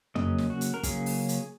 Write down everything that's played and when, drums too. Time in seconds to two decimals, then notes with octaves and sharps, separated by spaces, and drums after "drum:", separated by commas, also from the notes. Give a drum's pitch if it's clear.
0.15 C#3 F#3 A#3 C#4 D#5, drum: tom
0.38 drum: snare
0.50 F#4
0.61 drum: hi-hat
0.74 A#4
0.83 C#3 F#3 A#3 C#4 G#4, drum: kick, hi-hat
1.06 drum: open hi-hat
1.29 drum: hi-hat